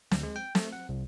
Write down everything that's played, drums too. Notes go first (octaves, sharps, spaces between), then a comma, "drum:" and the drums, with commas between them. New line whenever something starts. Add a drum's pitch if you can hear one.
D2, drum: snare
G#3
G5
A3, drum: snare
F#5
C2